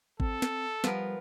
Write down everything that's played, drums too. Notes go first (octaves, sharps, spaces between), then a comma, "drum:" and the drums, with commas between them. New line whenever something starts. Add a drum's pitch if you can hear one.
C4 A4, drum: kick
drum: snare
F3 G3 B3 A#4, drum: snare